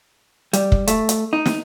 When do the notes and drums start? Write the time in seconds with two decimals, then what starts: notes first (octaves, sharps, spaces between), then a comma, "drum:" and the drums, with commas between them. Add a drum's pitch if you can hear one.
0.53 G3, drum: hi-hat
0.72 drum: kick
0.87 A3, drum: hi-hat
1.09 drum: hi-hat
1.33 D#4
1.46 drum: snare